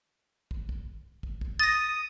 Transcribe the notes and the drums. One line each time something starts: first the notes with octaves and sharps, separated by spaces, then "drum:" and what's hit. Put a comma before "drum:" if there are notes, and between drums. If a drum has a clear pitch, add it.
drum: kick
drum: kick
drum: kick
drum: kick
D#6 A6 A#6